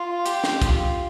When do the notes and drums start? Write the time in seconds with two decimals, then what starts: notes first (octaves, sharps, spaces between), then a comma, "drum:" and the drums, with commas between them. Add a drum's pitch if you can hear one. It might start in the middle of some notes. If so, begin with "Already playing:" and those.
Already playing: F4
0.26 G4, drum: hi-hat
0.44 drum: snare
0.62 F4, drum: kick, hi-hat